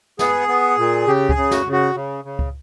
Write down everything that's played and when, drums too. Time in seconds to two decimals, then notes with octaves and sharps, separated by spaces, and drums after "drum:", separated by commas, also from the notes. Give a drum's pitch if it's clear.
0.19 B3 G#4, drum: snare
0.48 B3
0.78 A#2
1.07 C#3 G4
1.29 G#4, drum: kick C#2
1.36 C#3
1.51 F#4, drum: snare
1.66 C#3
1.72 F#4
1.95 C#3
2.25 C#3
2.39 drum: kick C#2